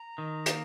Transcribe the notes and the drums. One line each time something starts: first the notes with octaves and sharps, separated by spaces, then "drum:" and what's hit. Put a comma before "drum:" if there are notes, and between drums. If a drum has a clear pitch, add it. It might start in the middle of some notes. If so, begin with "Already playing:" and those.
Already playing: A#5
D#3
A#3, drum: hi-hat